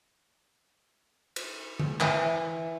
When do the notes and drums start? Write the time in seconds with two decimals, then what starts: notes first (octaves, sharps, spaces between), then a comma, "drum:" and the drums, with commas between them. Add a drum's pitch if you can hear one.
1.36 drum: cymbal
1.80 drum: tom D3
2.00 E3, drum: clap